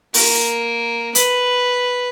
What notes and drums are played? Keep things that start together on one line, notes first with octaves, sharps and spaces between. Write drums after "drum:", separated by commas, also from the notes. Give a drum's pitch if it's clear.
A#3, drum: open hi-hat
B4, drum: hi-hat